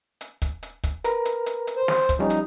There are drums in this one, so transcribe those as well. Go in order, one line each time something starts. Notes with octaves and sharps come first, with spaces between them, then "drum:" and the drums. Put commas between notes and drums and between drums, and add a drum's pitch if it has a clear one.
drum: hi-hat
drum: kick, hi-hat
drum: hi-hat
drum: kick, hi-hat
A#4 B4 A#5, drum: hi-hat
drum: hi-hat
drum: hi-hat
drum: hi-hat
C5
drum: snare
drum: kick, hi-hat
F3 G3 C#4 D#4
drum: hi-hat